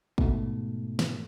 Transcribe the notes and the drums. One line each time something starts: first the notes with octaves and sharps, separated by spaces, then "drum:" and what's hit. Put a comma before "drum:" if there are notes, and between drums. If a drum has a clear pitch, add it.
G#2 B2 A3, drum: kick
drum: snare